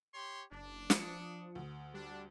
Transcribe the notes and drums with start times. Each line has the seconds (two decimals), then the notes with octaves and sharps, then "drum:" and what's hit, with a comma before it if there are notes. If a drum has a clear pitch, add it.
0.14 G4 C#5 C6
0.52 F#1 D4
0.90 F3 D#6 C#7, drum: snare
1.55 D2
1.94 G3 D4